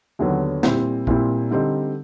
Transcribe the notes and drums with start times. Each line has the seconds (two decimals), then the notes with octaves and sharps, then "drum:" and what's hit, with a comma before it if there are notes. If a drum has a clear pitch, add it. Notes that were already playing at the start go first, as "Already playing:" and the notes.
0.19 D#2 D3 F#3 B3
0.63 A#2 G3 C4 E4, drum: snare
1.07 A#2 G3 C4 E4, drum: kick A#1
1.51 D3 G3 C4 D#4